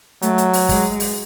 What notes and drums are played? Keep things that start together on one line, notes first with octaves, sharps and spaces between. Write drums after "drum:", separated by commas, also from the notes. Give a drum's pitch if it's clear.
F#3 A3, drum: hi-hat
drum: hi-hat
drum: open hi-hat
G#3, drum: kick, open hi-hat
drum: open hi-hat